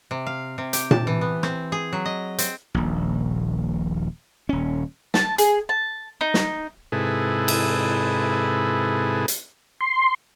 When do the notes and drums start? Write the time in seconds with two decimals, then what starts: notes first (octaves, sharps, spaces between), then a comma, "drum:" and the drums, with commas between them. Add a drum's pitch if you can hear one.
0.11 C3
0.26 F5
0.58 C3
0.73 G4, drum: hi-hat
0.91 A5, drum: tom A#2
1.07 E3
1.21 B3
1.43 C4, drum: rim click
1.72 G#4
1.93 F#3
2.05 D#5
2.38 C4, drum: hi-hat
2.74 D#1 A#1
4.49 D#1 C#4
5.14 A5, drum: snare
5.38 G#4, drum: hi-hat
5.69 A5
6.21 D#4
6.34 drum: snare
6.92 G#2 C3 E4 G#4 A4 B4
7.48 drum: cymbal
9.28 drum: hi-hat
9.81 C6